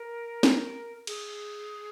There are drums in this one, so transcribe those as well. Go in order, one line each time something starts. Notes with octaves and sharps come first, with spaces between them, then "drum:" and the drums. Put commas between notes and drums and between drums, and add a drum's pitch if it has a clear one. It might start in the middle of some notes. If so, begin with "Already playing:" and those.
Already playing: A#4
drum: snare
G#4, drum: cymbal